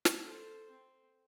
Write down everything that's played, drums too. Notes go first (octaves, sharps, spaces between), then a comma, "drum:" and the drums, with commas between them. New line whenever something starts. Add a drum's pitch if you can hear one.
drum: snare
A4 C5
C4